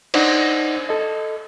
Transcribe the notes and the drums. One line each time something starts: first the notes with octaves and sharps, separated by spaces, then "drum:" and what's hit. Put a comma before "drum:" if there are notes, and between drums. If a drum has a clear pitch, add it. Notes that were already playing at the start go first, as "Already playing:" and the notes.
D4 D#4 C5 D5 D#5 F#5, drum: cymbal
A4 D#5